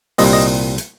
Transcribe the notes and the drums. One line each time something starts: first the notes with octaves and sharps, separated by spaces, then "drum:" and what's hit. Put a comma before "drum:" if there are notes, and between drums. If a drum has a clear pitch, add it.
C2 A#2 G3 C4 D#5, drum: open hi-hat
D#5
drum: hi-hat